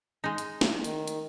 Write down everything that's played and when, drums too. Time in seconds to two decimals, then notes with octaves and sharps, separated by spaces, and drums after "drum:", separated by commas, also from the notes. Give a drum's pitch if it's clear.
0.24 G#3 D#4
0.38 drum: hi-hat
0.61 drum: snare
0.84 D#3, drum: hi-hat
1.08 drum: hi-hat